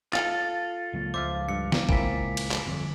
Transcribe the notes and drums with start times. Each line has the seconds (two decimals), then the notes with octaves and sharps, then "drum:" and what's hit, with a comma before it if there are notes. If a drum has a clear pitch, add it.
0.13 F4 A4 A6, drum: clap
0.93 C#2 F#3 A#3
1.14 C#2 F3 C5 E5 F5 D6
1.49 G2 C#7
1.72 drum: snare
1.89 C#2 A#2 A#3 C4 E4 G#5 B6, drum: kick
2.37 drum: cymbal
2.52 drum: clap
2.66 G1 F2